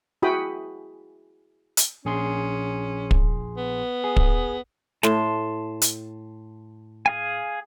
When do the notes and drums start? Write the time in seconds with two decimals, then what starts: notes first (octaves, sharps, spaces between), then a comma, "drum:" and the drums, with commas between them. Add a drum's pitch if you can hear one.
0.22 E4 F#4 G#4 G5 B5 D#6
1.77 drum: hi-hat
2.05 A#1 C#4 G#4 C6
3.11 drum: kick
3.58 B3
4.04 G#4
4.16 drum: kick
5.03 A2 A5 C6, drum: snare
5.82 drum: hi-hat
7.06 G#4 F5 G#5